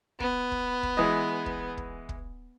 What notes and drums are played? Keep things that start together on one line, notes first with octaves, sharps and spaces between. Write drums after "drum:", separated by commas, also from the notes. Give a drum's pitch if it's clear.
B3, drum: kick
drum: kick
drum: kick
E3 G#3 D#5
drum: kick
drum: kick
drum: kick